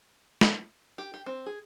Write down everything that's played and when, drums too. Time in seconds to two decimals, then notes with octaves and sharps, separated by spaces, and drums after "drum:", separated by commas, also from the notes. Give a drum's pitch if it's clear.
0.41 drum: snare
0.98 G4
1.14 G4
1.26 C4
1.46 G#4